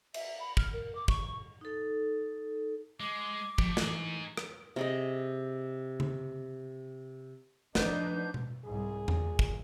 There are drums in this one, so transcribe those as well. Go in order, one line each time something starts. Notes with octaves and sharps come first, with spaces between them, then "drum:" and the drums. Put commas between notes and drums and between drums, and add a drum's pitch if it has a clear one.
E5, drum: cymbal
B5
F6, drum: kick
A#4
D6
C#6, drum: kick
D#4 A4
G#3 D6
F3 A3 G4, drum: kick
E3 D#4 G#4, drum: snare
drum: rim click
C3 G#4 D#5
drum: tom C#3
F3 C4 D4 D#4 B4 C5 F#5 G6, drum: snare
drum: tom B2
C2 G#2 G#4
A#2, drum: tom E2
drum: kick